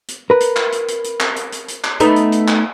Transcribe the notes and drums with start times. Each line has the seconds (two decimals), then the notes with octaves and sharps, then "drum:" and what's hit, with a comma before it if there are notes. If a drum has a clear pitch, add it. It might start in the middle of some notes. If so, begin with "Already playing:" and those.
0.08 drum: hi-hat
0.30 A#4 B4
0.40 drum: hi-hat
0.56 drum: clap
0.72 drum: hi-hat
0.88 drum: hi-hat
1.04 drum: hi-hat
1.20 drum: clap
1.36 drum: hi-hat
1.52 drum: hi-hat
1.68 drum: hi-hat
1.84 drum: clap
2.00 A3 B3 D#4, drum: hi-hat
2.16 drum: hi-hat
2.32 drum: hi-hat
2.48 drum: clap